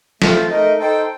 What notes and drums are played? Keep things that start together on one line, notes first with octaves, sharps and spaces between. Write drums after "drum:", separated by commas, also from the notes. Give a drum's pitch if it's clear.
A3 C4 F4 C5, drum: snare
A3 D#4 A#4 D#5
D#4 A4 C5 G5